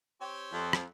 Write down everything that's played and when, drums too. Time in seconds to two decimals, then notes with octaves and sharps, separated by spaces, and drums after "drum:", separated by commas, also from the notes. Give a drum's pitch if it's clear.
0.21 C4 G4 C#5
0.52 F2
0.73 drum: rim click